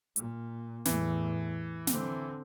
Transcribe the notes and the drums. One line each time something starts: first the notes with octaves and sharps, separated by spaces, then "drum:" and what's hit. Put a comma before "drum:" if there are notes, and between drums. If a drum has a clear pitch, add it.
A#2, drum: hi-hat
E2 A2 E3, drum: snare
D3 C4, drum: snare